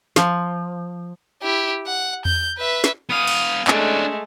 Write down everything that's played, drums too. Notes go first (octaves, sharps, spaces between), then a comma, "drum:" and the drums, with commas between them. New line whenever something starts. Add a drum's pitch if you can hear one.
F3, drum: snare
E4 G4
F#5
G6, drum: tom E2
B4 E5
drum: snare
B3 F5 D#6
drum: cymbal
G#3 A3 C#4 D4, drum: clap